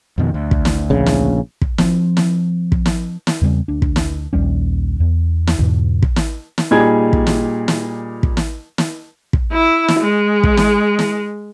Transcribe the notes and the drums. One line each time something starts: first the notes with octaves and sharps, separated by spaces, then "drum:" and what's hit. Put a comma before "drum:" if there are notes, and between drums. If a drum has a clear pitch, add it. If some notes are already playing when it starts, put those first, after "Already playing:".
F2 B2 D#3
D2
drum: kick
drum: snare
A#1 C#3
drum: snare
drum: kick
F3 C4, drum: snare
drum: snare
drum: kick
drum: snare
drum: snare
E2 C#3 G3 C4
D2 D4
drum: kick
drum: snare
A#1 D#2 G3 C#4
E2
drum: snare
E2 G#2 B2 E3
drum: kick
drum: snare
drum: snare
A#2 G3 D#4 G#4 G#6
drum: kick
drum: snare
drum: snare
drum: kick
drum: snare
drum: snare
drum: kick
E4
drum: snare
G#3
drum: kick
drum: snare
drum: snare